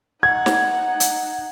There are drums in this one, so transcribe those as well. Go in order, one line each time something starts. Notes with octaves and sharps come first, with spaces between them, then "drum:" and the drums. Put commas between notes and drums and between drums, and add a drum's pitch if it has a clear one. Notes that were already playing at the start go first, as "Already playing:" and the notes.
D#4 F#5 G#6
drum: snare
drum: hi-hat